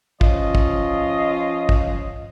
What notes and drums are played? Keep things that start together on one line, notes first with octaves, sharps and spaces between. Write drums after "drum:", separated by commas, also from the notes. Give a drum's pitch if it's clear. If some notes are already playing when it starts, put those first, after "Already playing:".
F3 C#4 F4 D#5, drum: kick
drum: kick
drum: kick